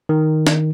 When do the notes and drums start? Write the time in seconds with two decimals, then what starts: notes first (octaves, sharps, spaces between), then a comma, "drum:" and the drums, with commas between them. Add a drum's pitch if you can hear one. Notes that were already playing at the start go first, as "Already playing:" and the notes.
0.09 D#3
0.47 drum: snare